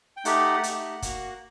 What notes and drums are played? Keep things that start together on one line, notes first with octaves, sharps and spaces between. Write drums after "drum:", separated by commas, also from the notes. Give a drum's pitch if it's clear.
G5
A3 D#4 G4 F#5, drum: hi-hat
A3 D#4 G4, drum: hi-hat
A#3 F#4, drum: kick, hi-hat